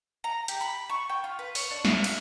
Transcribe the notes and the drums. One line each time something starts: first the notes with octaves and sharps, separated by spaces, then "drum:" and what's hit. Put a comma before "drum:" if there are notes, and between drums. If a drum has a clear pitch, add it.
A#5
G4, drum: hi-hat
B5
C#6
G5
F4
B4
C#5, drum: open hi-hat
D4
E5, drum: snare
F5, drum: cymbal